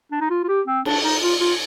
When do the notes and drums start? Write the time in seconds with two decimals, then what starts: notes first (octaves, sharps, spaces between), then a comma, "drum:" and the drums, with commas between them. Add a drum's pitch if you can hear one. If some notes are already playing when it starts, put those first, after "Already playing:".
0.12 D4
0.21 D#4
0.30 F4
0.44 F4
0.48 G4
0.67 C4
0.85 D4, drum: cymbal
1.03 D#4
1.22 F4
1.40 F4